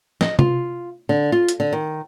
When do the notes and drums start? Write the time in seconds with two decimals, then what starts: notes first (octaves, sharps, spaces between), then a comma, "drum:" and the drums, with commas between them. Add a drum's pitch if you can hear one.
0.21 D#5, drum: snare
0.39 F4, drum: tom C3
1.09 D3
1.32 F4
1.48 drum: hi-hat
1.60 D3
1.73 D#3